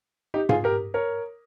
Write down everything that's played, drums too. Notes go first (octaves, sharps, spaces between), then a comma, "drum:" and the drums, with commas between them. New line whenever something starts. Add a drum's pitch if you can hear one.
D#4 G4
F4 G#4, drum: tom G#2
G4 A#4
A#4 C#5